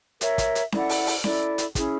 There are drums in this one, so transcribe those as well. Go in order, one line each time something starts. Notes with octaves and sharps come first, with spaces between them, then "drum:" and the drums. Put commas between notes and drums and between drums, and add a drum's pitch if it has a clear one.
A#4 C#5 E5, drum: hi-hat
drum: kick, hi-hat
drum: hi-hat
E4 A4 D5 F#5, drum: snare C#4
drum: open hi-hat
drum: open hi-hat
E4 A4 D5, drum: snare C#4
drum: hi-hat
C#4 E4 G#4, drum: kick, hi-hat